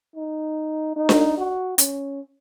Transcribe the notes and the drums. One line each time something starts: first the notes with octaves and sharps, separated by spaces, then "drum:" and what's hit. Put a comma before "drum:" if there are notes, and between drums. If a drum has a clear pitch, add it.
D#4
D#4
drum: snare D4
F#4
C#4, drum: hi-hat